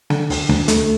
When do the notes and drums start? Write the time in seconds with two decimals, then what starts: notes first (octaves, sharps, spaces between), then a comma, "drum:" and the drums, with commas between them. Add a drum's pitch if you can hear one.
0.10 D3, drum: snare
0.30 D2, drum: open hi-hat
0.49 D2, drum: snare
0.68 A3, drum: hi-hat